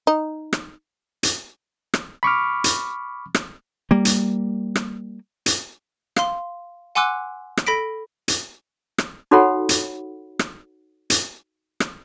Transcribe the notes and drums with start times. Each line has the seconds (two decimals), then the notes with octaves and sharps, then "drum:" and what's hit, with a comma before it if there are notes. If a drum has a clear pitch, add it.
0.07 D#4
0.53 drum: rim click
1.23 drum: hi-hat
1.94 drum: rim click
2.23 B5 C#6 D6 F6
2.64 drum: hi-hat
3.35 drum: rim click
3.91 G3 A#3
4.05 drum: hi-hat
4.75 drum: rim click
5.46 drum: hi-hat
6.16 F5 C6, drum: rim click
6.95 F#5 G#5 C6 D6 E6 F#6
7.57 drum: rim click
7.66 A4 B5 A#6 B6 D7
8.28 drum: hi-hat
8.98 drum: rim click
9.31 D#4 F#4 A4 C#5 F#5 B5
9.69 drum: hi-hat
10.39 drum: rim click
11.10 drum: hi-hat
11.80 drum: rim click